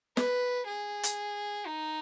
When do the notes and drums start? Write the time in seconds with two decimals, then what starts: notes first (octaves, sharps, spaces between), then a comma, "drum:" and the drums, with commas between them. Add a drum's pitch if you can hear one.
0.17 B4, drum: snare
0.67 G#4
1.03 drum: hi-hat
1.67 D#4